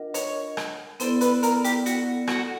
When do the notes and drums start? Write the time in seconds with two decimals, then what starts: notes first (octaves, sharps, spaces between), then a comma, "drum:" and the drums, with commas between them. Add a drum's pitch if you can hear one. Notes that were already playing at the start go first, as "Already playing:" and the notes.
Already playing: D4 F4 A#4 D#5 F#5
0.14 C#5, drum: hi-hat
0.57 drum: rim click
1.00 B3 E4 A4 C5 D5, drum: hi-hat
1.21 B4, drum: hi-hat
1.43 A#4, drum: hi-hat
1.64 G4, drum: hi-hat
1.86 F#4, drum: hi-hat
2.28 F#4, drum: rim click